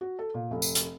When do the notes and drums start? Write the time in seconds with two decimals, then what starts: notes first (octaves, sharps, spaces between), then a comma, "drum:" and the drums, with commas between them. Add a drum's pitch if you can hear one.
0.01 F#4
0.19 A4
0.34 A#2
0.51 F1
0.62 drum: tambourine
0.75 drum: hi-hat